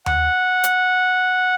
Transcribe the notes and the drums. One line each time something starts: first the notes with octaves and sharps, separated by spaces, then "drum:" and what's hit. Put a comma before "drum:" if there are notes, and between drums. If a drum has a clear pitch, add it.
F#5, drum: tom D#2
drum: hi-hat